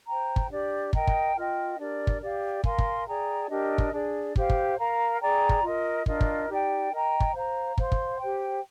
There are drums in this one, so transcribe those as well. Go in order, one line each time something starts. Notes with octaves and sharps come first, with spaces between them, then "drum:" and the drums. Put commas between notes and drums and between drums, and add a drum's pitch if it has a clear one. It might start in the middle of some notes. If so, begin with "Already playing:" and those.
C5 G5 A#5
drum: kick
D4 G4 D5
A#4 D#5 G5 A#5, drum: kick
drum: kick
F4 A#4 D#5 G5
D4 G4 A#4 D5
drum: kick
G4 D5 F5
A#4 F5 G#5 C6, drum: kick
drum: kick
G#4 D5 G5 A#5
D4 G4 A#4 D#5
drum: kick
D4 G#4 D5
G4 C5 F5, drum: kick
drum: kick
A#4 F5 A#5
G#4 D5 G5 A#5
drum: kick
F4 A#4 D#5
D4 F4 A#4 D#5, drum: kick
drum: kick
D#4 G4 D5 G5
A#4 D#5 G5 A#5
drum: kick
C5 F5 A#5
C5 F5 C6, drum: kick
drum: kick
G4 C5 G5